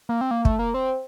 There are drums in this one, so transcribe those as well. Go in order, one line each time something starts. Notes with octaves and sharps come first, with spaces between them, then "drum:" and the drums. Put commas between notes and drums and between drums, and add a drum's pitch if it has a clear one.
A#3
C4
A#3
A3, drum: kick
A#3
C4